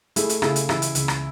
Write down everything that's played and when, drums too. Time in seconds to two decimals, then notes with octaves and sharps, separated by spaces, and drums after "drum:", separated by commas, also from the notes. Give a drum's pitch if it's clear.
0.16 A3 E4 G#4, drum: hi-hat
0.29 drum: hi-hat
0.42 C#3 E4 G#4, drum: rim click
0.56 drum: hi-hat
0.69 E3 E4, drum: rim click
0.82 drum: hi-hat
0.95 C#2, drum: hi-hat
1.08 drum: rim click